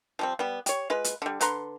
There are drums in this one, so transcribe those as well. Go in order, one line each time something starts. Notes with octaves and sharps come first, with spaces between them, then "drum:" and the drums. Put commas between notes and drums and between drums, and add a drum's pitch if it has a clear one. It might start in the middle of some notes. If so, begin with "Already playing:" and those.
F3 G3 C4
G3 B3
G4 C#5, drum: hi-hat
G#3 F4 B4
drum: hi-hat
D3 G3
D3 B4 A#5 C6, drum: hi-hat